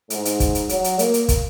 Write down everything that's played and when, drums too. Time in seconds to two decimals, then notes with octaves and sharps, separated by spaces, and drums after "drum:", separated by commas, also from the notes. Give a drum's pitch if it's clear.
0.10 G#2, drum: hi-hat
0.25 drum: hi-hat
0.40 drum: kick, hi-hat
0.55 drum: hi-hat
0.69 F#3, drum: hi-hat
0.84 drum: hi-hat
0.99 A#3, drum: hi-hat
1.14 drum: hi-hat
1.28 drum: kick, hi-hat